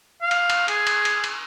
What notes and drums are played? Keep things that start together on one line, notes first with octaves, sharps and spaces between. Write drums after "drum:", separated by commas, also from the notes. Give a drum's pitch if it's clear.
F5
drum: cymbal
drum: cymbal
G#4, drum: cymbal
drum: cymbal
drum: cymbal
drum: cymbal